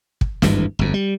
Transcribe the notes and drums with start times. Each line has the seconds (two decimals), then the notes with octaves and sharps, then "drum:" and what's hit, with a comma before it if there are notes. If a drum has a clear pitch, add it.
0.21 drum: kick
0.42 G#1 D2 G2 E3, drum: snare
0.79 G1 F2
0.94 G3